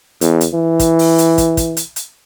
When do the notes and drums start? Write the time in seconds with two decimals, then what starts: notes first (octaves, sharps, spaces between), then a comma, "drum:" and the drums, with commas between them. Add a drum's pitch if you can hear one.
0.21 E2, drum: hi-hat
0.41 drum: hi-hat
0.54 E3
0.79 drum: kick, hi-hat
0.99 drum: open hi-hat
1.18 drum: hi-hat
1.38 drum: kick, hi-hat
1.57 drum: kick, hi-hat
1.77 drum: hi-hat
1.96 drum: hi-hat